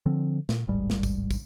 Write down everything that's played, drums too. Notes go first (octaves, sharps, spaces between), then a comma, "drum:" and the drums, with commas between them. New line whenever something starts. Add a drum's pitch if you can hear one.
D3 F3 C4
A#2, drum: snare
D#1 A1 G#2 G3
drum: snare
drum: kick, tambourine
drum: kick, tambourine